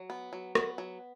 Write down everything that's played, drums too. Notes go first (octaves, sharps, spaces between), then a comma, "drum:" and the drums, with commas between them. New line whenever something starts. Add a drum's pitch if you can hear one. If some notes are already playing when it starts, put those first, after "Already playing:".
Already playing: F#3
B3
F#3
B3, drum: rim click
F#3